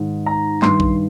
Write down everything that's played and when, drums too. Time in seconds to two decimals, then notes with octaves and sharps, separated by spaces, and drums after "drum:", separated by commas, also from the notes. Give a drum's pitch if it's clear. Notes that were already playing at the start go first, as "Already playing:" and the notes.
Already playing: G#2 D#3
0.26 A#5
0.62 G2 D#3 C6, drum: clap
0.80 drum: kick A#1